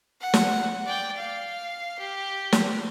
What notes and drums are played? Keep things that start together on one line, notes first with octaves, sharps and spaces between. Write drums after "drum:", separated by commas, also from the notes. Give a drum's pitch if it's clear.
F#5
drum: snare
D5 G5
F5
G4
drum: snare